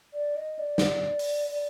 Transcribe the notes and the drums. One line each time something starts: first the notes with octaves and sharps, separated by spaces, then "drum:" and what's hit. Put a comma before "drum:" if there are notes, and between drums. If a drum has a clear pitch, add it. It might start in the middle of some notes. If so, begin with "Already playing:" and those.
D5
D#5
D5
drum: snare
drum: open hi-hat
D5